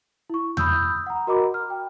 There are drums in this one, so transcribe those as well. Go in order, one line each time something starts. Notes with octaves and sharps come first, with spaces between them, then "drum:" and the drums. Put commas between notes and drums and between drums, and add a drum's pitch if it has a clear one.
E4 C#6
B5 D#6 E6 G6, drum: tom E2
F#5 A#5
F#4 A#4 D#5 A#5 B5 D6
F6
G5